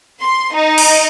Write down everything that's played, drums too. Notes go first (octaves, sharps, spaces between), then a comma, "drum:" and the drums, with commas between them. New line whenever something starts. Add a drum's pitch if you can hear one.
C6
D#4
drum: cymbal